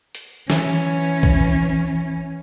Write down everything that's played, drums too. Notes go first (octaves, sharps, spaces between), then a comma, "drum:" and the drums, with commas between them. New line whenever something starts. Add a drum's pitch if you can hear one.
drum: hi-hat
E3 C#4, drum: snare
drum: kick A#1